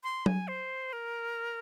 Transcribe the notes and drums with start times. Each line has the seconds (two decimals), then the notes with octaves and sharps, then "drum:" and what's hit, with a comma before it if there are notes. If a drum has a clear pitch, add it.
0.04 C6
0.26 G#5, drum: tom F#3
0.48 C5
0.93 A#4